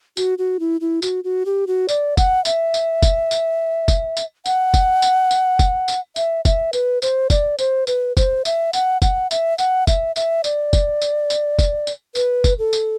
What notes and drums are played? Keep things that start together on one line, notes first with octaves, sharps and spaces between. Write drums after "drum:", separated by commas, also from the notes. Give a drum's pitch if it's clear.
F#4, drum: tambourine
F#4
E4
E4
F#4, drum: tambourine
F#4
G4
F#4
D5, drum: tambourine
F#5, drum: kick F1, tambourine
E5, drum: tambourine
drum: tambourine
drum: kick F1, tambourine
drum: tambourine
drum: kick F1, tambourine
drum: tambourine
F#5, drum: tambourine
drum: kick F1, tambourine
drum: tambourine
drum: tambourine
drum: kick F1, tambourine
drum: tambourine
E5, drum: tambourine
E5, drum: kick F1, tambourine
B4, drum: tambourine
C5, drum: tambourine
D5, drum: kick F1, tambourine
C5, drum: tambourine
B4, drum: tambourine
C5, drum: kick F1, tambourine
E5, drum: tambourine
F#5, drum: tambourine
F#5, drum: kick F1, tambourine
E5, drum: tambourine
F#5, drum: tambourine
E5, drum: kick F1, tambourine
E5, drum: tambourine
D5, drum: tambourine
drum: kick F1, tambourine
drum: tambourine
drum: tambourine
drum: kick F1, tambourine
drum: tambourine
B4, drum: tambourine
drum: kick F1, tambourine
A4
drum: tambourine